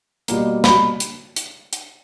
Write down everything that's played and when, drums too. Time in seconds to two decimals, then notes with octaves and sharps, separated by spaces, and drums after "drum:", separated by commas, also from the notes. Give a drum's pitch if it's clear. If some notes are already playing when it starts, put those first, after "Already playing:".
0.28 B2 G3 A#3, drum: hi-hat
0.64 B5, drum: snare
1.00 drum: hi-hat
1.36 drum: hi-hat
1.73 drum: hi-hat